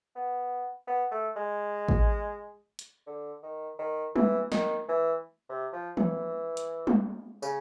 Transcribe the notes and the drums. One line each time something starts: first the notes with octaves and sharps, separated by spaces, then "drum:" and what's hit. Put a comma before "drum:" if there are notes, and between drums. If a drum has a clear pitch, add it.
B3
B3
A3
G#3
drum: kick A1
drum: hi-hat
D3
D#3
D#3
E3, drum: tom G3
D#3, drum: snare
E3
C3
F3
E3, drum: tom E3
drum: hi-hat
drum: tom G3
C#3, drum: tambourine